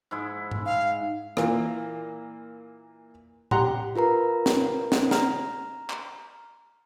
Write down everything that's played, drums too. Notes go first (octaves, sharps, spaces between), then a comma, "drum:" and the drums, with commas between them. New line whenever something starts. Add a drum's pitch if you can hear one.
G#2 G#3 E4
drum: tom G#2
F5
A#2 E3 A#3, drum: rim click
G4 F#5 A#5 C6, drum: tom A2
F4 A#4 B4 A#5
drum: snare
drum: snare
A#5 F6, drum: snare
drum: clap